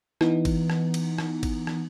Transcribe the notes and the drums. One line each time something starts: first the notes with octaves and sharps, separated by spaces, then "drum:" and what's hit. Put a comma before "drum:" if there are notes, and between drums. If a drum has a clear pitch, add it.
E3 B3 D#4, drum: rim click
drum: kick G#1, cymbal
drum: rim click
drum: cymbal
drum: rim click
drum: kick G#1, cymbal
drum: rim click